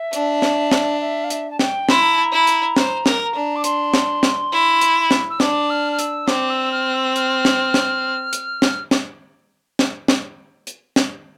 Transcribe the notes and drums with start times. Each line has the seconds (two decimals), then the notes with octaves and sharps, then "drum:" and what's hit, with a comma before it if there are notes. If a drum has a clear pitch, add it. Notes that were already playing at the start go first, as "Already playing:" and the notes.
Already playing: E5
0.13 D4, drum: hi-hat
0.42 drum: snare
0.71 drum: snare
1.00 E5
1.23 F5
1.30 E5, drum: hi-hat
1.50 A5
1.59 G5, drum: snare
1.89 E4 C6, drum: snare
2.01 A#5
2.13 A5
2.24 A#5
2.32 E4
2.47 drum: hi-hat
2.76 C5, drum: snare
3.06 A#4, drum: snare
3.35 D4
3.55 D6
3.64 C6, drum: hi-hat
3.94 drum: snare
4.23 drum: snare
4.52 E4
4.81 drum: hi-hat
5.11 drum: snare
5.30 E6
5.40 D4 D6, drum: snare
5.70 F6
5.92 F6
5.99 E6, drum: hi-hat
6.28 C4 D6, drum: snare
6.50 E6
6.71 F6
6.94 E6
7.16 F6, drum: hi-hat
7.45 drum: snare
7.74 drum: snare
8.33 drum: hi-hat
8.62 drum: snare
8.91 drum: snare
9.79 drum: snare
10.08 drum: snare
10.67 drum: hi-hat
10.96 drum: snare